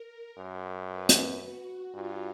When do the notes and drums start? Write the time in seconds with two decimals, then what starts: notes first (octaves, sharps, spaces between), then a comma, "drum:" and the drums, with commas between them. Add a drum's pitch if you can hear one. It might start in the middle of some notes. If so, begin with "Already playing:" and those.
Already playing: A#4
0.37 F#2
0.89 B4
1.09 drum: hi-hat
1.42 F#4
1.94 G2 F4